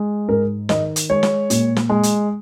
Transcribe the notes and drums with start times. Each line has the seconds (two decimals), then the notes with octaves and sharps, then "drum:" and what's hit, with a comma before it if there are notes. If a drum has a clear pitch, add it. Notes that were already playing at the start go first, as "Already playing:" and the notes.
Already playing: G#3
0.29 G#2 A#4
0.69 D#3 D#5, drum: snare
0.96 drum: hi-hat
1.10 G#3 C#5
1.23 drum: snare
1.50 A#2, drum: hi-hat
1.76 drum: snare
1.89 G#3
2.03 drum: hi-hat